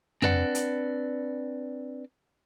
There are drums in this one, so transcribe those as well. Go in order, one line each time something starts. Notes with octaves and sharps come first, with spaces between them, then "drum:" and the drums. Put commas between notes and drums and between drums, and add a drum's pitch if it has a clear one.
C4 D4 B4 D5 F#5, drum: tom
drum: hi-hat